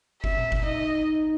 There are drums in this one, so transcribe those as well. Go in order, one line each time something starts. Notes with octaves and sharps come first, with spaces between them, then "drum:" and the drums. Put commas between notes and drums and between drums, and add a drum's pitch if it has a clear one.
E5, drum: kick F#1
drum: tom A#2
drum: kick F#1
D#4 D#5